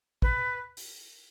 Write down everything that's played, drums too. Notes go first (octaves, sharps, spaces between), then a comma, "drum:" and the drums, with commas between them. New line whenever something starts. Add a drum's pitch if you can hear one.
B4, drum: kick
drum: open hi-hat